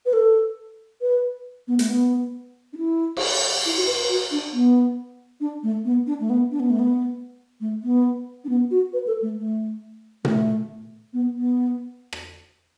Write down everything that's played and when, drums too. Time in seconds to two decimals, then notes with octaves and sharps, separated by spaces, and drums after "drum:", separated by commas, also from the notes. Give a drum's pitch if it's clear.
0.06 B4
0.13 A4
1.02 B4
1.68 B3
1.79 A3, drum: hi-hat
1.89 B3
2.73 D4
2.78 E4
3.17 drum: cymbal
3.66 E4
3.77 F#4
3.87 B4
3.98 B4
4.09 F#4
4.31 D4
4.53 B3
5.41 D4
5.63 A3
5.85 B3
6.07 D4
6.20 A3
6.30 B3
6.52 D4
6.60 B3
6.70 A3
6.79 B3
7.61 A3
7.83 B3
8.44 D4
8.49 B3
8.71 F#4
8.93 B4
9.07 A4
9.22 A3
9.38 A3
10.25 A3, drum: tom A#2
11.13 B3
11.35 B3
12.13 drum: rim click